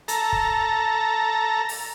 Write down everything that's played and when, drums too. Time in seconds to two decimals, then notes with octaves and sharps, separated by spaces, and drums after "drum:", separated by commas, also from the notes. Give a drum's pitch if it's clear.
0.08 A4 A#5, drum: hi-hat
0.32 drum: kick
1.69 drum: open hi-hat